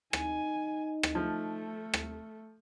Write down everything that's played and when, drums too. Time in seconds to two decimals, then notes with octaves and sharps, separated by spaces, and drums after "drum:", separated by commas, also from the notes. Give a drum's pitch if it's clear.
0.13 D#4 G#5, drum: rim click
1.03 drum: rim click
1.15 F3 A3
1.94 drum: rim click